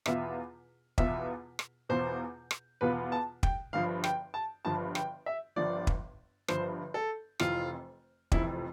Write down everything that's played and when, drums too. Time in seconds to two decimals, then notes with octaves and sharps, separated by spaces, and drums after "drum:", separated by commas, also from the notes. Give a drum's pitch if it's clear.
0.06 E2 B2 B3 F4 E5, drum: rim click
0.98 E2 B2 B3 F4 E5, drum: kick
1.59 drum: rim click
1.89 E2 B2 B3 F4 C5
2.51 drum: rim click
2.81 E2 B2 B3 F4 B4
3.12 A5
3.43 G5, drum: kick
3.73 G1 G2 F3 F5
4.04 G5, drum: rim click
4.34 A5
4.65 G1 G2 F3 A5
4.95 G5, drum: rim click
5.26 E5
5.56 G1 G2 F3 D5
5.87 drum: kick
6.48 G1 G2 F3 C5, drum: rim click
6.94 A4
7.39 F1 F2 E3 F4, drum: rim click
8.32 F1 F2 E3 E4, drum: kick